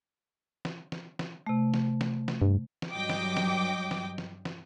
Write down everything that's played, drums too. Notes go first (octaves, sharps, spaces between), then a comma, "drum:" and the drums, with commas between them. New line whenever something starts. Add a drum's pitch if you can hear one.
drum: snare
drum: snare
drum: snare
C3 A3
drum: snare
drum: snare
drum: snare
G2
drum: snare
G2 F#3 D#5 G5 D6
drum: snare
drum: snare
drum: snare
drum: snare
drum: snare